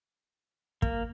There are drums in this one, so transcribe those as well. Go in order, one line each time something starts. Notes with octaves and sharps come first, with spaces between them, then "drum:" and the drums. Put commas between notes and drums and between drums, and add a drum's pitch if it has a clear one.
A#3, drum: kick